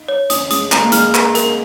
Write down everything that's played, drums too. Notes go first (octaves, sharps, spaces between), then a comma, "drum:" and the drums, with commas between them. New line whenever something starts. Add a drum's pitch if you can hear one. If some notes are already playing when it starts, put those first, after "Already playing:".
Already playing: D#4
C#5
C#4 D#6, drum: hi-hat
G#3 D#6, drum: hi-hat
G#3 A#5, drum: clap
A#3
G#3 F6, drum: hi-hat
A#5, drum: clap
A#4, drum: hi-hat